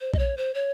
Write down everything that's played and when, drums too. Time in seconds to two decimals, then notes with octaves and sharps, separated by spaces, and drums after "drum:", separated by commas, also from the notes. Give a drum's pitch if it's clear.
0.01 C5
0.14 D#5, drum: kick A#1
0.19 C#5
0.37 C5
0.55 C#5